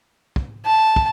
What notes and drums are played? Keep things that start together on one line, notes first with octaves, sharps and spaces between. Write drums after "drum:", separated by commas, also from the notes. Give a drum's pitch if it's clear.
drum: kick
A5
drum: kick